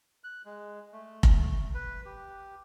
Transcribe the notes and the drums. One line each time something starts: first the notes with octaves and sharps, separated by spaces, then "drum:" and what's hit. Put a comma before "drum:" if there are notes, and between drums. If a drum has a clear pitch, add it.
F#6
G#3
A3
drum: kick F1
B4
G4